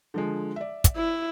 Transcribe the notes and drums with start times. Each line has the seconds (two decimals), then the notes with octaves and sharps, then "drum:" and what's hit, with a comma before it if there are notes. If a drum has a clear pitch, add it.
0.14 D3 F3 G#3
0.56 D5 E5
0.84 drum: kick, hi-hat
0.96 E4